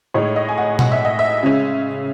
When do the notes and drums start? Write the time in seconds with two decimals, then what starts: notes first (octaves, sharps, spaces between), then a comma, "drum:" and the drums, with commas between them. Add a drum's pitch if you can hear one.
0.14 A2 G#3 D#4 C#5
0.36 D#5
0.49 G#5
0.58 F#5
0.79 F#5, drum: tom B2
0.92 E5
1.05 D#5
1.19 E5
1.43 C#3 G#3 C#4